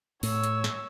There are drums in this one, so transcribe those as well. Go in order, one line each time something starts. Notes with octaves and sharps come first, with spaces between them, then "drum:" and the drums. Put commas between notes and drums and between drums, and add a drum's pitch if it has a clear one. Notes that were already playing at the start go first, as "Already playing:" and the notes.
A2 C#5 E6, drum: open hi-hat
drum: hi-hat
drum: snare